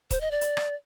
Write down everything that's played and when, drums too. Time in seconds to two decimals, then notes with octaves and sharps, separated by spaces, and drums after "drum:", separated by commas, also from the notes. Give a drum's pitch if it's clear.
0.11 C5, drum: kick, hi-hat
0.21 D#5
0.31 D5
0.41 drum: hi-hat
0.57 drum: rim click